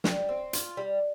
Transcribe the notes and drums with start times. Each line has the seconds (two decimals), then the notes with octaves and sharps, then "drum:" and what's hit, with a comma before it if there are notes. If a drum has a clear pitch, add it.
0.04 G3, drum: snare
0.29 C4
0.53 F4, drum: hi-hat
0.77 G3